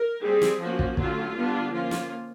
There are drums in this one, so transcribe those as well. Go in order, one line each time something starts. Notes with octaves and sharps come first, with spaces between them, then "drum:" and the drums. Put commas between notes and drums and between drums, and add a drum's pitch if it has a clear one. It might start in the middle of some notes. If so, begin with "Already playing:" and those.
Already playing: A#4
G3 C4 G#4
drum: snare
F3 A#3 C#4 F#4
drum: kick
D3 F#3 A3 C#4 F4, drum: kick
D3 G3 B3 D4
F3 A#3 C#4 F4
drum: snare